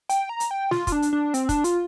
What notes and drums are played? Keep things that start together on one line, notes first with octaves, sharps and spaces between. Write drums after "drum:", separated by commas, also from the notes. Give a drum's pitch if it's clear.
G5, drum: hi-hat
A#5
drum: hi-hat
G5
F4, drum: snare
F4, drum: kick, hi-hat
D4
drum: hi-hat
D4
C4, drum: hi-hat
D4, drum: kick, hi-hat
F4, drum: hi-hat